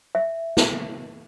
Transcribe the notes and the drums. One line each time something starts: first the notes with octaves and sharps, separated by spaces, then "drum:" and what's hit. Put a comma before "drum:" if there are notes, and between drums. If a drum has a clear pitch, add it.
E5
drum: snare